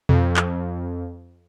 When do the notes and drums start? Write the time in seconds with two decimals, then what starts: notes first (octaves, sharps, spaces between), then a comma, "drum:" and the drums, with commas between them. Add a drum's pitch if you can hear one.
0.09 F2, drum: tom B2
0.36 drum: clap